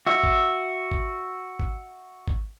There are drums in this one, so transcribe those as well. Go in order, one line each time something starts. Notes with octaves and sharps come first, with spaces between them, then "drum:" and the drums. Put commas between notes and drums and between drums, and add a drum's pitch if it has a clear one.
F#4 E5
drum: kick G#1
drum: kick G#1
drum: kick G#1
drum: kick G#1